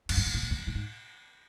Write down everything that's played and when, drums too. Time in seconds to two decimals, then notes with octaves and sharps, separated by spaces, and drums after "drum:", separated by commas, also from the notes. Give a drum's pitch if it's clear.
0.09 F#2, drum: cymbal
0.17 G2
0.26 G#2
0.34 A2
0.42 A#2
0.50 E2
0.58 F2
0.67 A2
0.75 G#2